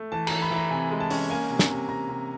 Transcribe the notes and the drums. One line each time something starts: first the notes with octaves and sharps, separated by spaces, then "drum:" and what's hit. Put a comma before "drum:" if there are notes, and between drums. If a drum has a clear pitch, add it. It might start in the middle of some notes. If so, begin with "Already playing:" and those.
Already playing: A3
E3 A5
E3 A#5, drum: cymbal
B5
E3
A#5
C3 G#5
G#3
A5
C#4, drum: open hi-hat
A#3 G#5
C3
drum: snare
C3
C3 A#5
C3